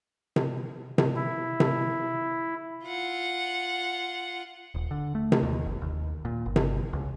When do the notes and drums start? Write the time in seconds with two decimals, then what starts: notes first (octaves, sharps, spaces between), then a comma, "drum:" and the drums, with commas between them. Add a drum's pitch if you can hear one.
0.36 drum: tom C3
0.98 drum: tom C3
1.16 E4
1.60 drum: tom C3
2.85 F4 F#5
4.74 D#1
4.91 D3
5.15 A3
5.32 drum: tom C3
5.43 D#2
5.66 F#1
5.82 D#2
6.25 A#2
6.46 G1
6.56 drum: tom C3
6.93 C#2